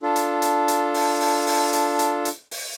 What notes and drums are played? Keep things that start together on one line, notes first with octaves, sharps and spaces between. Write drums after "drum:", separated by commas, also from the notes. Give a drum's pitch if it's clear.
D4 F4 A4
drum: hi-hat
drum: hi-hat
drum: hi-hat
drum: open hi-hat
drum: open hi-hat
drum: open hi-hat
drum: hi-hat
drum: hi-hat
drum: hi-hat
drum: open hi-hat